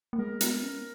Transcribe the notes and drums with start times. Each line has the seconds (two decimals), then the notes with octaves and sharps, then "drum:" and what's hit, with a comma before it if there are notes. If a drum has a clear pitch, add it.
0.13 A#3
0.18 G#3 A#4
0.41 B3, drum: hi-hat
0.63 C#4